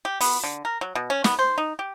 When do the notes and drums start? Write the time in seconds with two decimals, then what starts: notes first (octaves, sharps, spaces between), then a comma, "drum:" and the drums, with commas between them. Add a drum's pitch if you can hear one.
0.05 G4
0.21 B3, drum: open hi-hat
0.44 D3
0.65 A#4
0.81 F#3
0.95 B2
1.10 C#4
1.24 B3, drum: snare
1.39 C5
1.58 D#4
1.79 G4